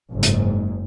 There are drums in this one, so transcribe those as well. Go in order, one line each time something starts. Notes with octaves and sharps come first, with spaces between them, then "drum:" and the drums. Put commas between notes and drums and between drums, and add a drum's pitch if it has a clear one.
F#1 G#2
drum: hi-hat